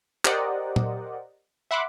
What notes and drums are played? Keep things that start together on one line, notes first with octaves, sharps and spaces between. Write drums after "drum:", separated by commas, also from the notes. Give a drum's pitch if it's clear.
G4 A#4 C5 D5 D#5 F#5, drum: clap
drum: tom A#2
E5 F#5 B5 C6 D6